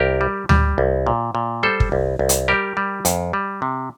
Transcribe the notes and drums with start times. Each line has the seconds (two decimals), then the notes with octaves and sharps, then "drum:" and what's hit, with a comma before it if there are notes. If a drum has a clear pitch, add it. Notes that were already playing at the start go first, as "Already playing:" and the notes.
Already playing: C2 G4 A#4
0.21 G3
0.49 G3, drum: tom D2
0.78 C2
1.07 A#2
1.35 A#2
1.63 G3 A4 C5
1.80 drum: kick
1.92 C2
2.19 C2
2.29 drum: hi-hat
2.48 G3 G4 A#4
2.77 G3
3.05 F2, drum: hi-hat
3.33 G3
3.62 C3